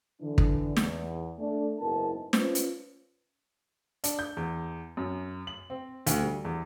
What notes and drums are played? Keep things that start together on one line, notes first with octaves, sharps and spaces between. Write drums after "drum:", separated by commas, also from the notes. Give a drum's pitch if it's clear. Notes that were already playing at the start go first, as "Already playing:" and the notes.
D3 E3 D4
drum: kick
E2, drum: snare
A3 D4
F#1 G#2 B3 E4 A#4 A5
C#4 F4 B4 C5, drum: snare
drum: hi-hat
D4, drum: hi-hat
G6
E2
F#2
F#7
C4
D2, drum: hi-hat
G3
E2